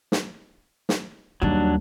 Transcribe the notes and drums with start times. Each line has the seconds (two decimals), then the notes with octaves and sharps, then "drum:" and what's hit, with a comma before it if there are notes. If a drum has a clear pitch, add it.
0.12 drum: snare
0.89 drum: snare
1.42 D#2 F#3 G3 D4